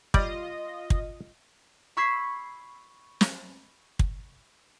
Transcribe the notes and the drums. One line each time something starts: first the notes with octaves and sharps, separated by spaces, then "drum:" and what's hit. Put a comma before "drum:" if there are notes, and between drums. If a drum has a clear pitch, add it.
G3 F4 D5 D#5, drum: kick
drum: kick
B5 C#6 E6 G#6 B6 C7
drum: snare
drum: kick